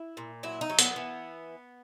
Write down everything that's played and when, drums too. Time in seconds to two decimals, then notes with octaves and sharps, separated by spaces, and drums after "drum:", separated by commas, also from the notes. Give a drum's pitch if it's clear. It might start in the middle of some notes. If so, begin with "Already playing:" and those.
Already playing: E4
0.17 A#2
0.43 F#3 E4
0.61 D#4
0.70 F#3
0.79 B3, drum: hi-hat
0.96 E3